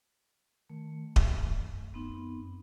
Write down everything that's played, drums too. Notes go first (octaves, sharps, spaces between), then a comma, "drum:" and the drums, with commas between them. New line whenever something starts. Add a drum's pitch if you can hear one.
D#3 A3
F#2, drum: kick D#1
B3 C4 D#4